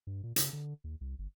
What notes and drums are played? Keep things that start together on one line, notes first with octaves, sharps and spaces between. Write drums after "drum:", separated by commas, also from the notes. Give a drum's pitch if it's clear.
G2
A#2
C#3, drum: hi-hat
D3
D#2
C2
G1